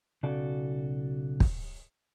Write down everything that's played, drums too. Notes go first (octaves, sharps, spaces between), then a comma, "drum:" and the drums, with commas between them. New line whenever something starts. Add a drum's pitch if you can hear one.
B1 C#3 F#4 A4 D5
drum: kick